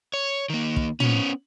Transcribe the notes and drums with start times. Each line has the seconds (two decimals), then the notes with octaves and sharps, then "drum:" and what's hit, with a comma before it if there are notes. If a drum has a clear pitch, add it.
0.14 C#5
0.50 D#3 A#3
0.76 drum: kick
1.00 B3 C#4, drum: tom